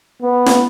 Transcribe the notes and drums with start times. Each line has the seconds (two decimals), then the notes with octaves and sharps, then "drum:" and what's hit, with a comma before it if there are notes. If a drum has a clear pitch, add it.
0.22 B3
0.46 drum: snare